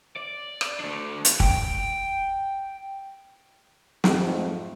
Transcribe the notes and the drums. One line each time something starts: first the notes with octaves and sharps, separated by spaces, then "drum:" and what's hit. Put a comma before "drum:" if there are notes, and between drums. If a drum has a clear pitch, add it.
D5
drum: rim click
A3 D4
drum: hi-hat
G5, drum: kick
F2 G#2 F3 A3 C4, drum: snare